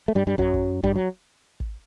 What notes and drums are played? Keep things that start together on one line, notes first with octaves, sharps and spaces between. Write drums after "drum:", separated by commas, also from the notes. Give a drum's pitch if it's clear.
A3
G2 G3
G2 G3
F#2 F#3, drum: kick
drum: kick
G2 G3, drum: kick
F#3
drum: kick